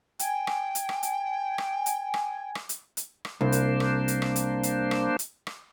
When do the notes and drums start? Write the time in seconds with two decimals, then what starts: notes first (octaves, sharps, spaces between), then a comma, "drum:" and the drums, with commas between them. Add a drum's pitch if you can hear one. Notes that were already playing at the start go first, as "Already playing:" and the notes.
0.19 G5 G#5, drum: hi-hat
0.47 drum: rim click
0.75 drum: hi-hat
0.89 drum: rim click
1.03 drum: hi-hat
1.58 drum: rim click
1.86 drum: hi-hat
2.14 drum: rim click
2.55 drum: rim click
2.69 drum: hi-hat
2.97 drum: hi-hat
3.25 drum: rim click
3.41 C2 A#3 D4 C5
3.52 drum: hi-hat
3.80 drum: rim click
4.08 drum: hi-hat
4.22 drum: rim click
4.36 drum: hi-hat
4.63 drum: hi-hat
4.91 drum: rim click
5.19 drum: hi-hat
5.47 drum: rim click